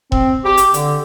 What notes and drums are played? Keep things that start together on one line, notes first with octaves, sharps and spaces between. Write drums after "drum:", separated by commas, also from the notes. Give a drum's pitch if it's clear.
C4, drum: kick E1
G4
drum: hi-hat
D3, drum: hi-hat